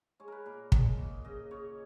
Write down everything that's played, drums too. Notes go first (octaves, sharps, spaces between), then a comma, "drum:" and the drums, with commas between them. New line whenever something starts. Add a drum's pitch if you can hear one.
G#3 C#5
A#4 B4
A#2 A#4
G#3 D#5, drum: kick
A#2
C#3 D#5
C#3 C#5